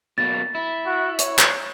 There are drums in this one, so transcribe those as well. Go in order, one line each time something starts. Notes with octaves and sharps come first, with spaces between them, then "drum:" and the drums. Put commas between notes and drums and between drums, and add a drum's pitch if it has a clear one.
B2 F#3 A#3 A6
E4
F#4
C#5, drum: hi-hat
drum: clap